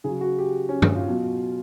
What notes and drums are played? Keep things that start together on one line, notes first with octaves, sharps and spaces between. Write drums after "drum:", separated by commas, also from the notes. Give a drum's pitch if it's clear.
C#3 F#3 G#4
F#4
G4
C#4
drum: tom G2
F4
B2 F#3